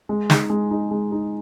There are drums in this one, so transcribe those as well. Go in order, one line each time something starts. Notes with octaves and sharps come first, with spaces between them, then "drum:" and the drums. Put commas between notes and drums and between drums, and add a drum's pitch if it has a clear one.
G#3
D#4 G#4, drum: snare
G#3
D#4 G#4
G#3
D#4 G#4